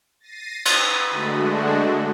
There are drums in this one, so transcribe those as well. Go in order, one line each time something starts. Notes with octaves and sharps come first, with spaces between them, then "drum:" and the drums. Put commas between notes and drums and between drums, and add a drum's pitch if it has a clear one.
A6 A#6 C7 D#7
B5, drum: cymbal
D3 G#3 A3 D4 F#4